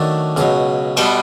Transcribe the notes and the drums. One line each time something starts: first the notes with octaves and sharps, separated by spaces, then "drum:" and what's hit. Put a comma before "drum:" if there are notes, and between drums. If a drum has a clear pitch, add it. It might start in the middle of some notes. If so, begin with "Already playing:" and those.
Already playing: D#3 F#3 A3 D4
C#2 B2 F#3, drum: hi-hat
B2 G3 B3, drum: cymbal